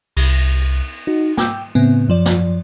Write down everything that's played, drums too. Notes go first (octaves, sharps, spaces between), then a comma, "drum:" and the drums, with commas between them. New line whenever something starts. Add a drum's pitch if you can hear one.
C2, drum: cymbal
drum: tambourine
D#4 F#4
G5 D6 E6 G6, drum: snare
A2 C#3 B3 C4
F#2 F3 D5
drum: snare